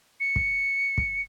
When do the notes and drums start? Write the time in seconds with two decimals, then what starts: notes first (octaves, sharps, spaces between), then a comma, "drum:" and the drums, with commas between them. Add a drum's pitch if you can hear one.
0.20 C#7
0.36 drum: kick
0.98 drum: kick